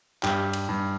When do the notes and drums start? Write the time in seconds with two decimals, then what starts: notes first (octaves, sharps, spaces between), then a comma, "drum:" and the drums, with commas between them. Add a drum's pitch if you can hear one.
0.23 G2 G4, drum: clap
0.53 drum: cymbal
0.69 G2